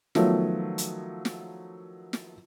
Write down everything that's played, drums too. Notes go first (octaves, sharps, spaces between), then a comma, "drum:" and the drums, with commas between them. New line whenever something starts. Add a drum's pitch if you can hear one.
D#3 F3 F#3 A3 B3, drum: snare
drum: hi-hat
drum: snare
drum: snare